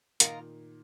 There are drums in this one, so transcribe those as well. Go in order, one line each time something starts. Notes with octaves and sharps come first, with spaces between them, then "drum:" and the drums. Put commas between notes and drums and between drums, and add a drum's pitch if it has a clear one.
A#2 D#3 F4 A#4 D#5 A#5, drum: hi-hat